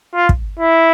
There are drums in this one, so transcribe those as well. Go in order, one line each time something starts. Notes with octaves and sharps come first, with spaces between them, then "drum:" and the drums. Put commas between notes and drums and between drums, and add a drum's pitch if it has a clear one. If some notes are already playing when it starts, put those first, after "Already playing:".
F4
drum: kick
E4